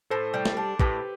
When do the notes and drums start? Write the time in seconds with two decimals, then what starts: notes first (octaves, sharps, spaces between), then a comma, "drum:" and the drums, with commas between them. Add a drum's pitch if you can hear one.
0.10 A2 A4 C5
0.34 G3
0.45 drum: snare
0.57 D4
0.80 A2 G4 B4, drum: kick